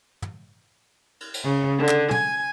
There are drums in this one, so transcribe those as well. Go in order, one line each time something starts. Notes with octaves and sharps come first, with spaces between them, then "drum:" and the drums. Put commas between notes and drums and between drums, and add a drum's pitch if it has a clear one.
drum: tom
drum: cymbal
drum: cymbal
C#3
D3
drum: clap
G#5, drum: tom